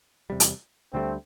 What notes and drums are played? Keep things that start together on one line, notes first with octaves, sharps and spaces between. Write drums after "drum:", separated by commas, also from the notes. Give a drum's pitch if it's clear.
E2 C3 G3
drum: hi-hat
D2 D3 G3 A3 C4